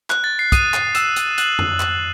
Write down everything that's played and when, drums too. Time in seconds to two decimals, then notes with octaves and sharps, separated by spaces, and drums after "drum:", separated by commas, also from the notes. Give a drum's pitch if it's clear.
0.10 F#6, drum: clap
0.24 A6
0.39 C7
0.52 D#6 D#7, drum: kick, hi-hat
0.74 drum: clap
0.95 E6 E7, drum: hi-hat
1.16 drum: hi-hat
1.38 F#6 F#7, drum: hi-hat
1.59 drum: tom F2
1.80 drum: clap